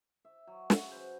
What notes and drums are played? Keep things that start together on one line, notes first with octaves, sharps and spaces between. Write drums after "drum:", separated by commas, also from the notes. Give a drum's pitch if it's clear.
E5
F#3
C#3 F#4 B5, drum: snare
B4 C5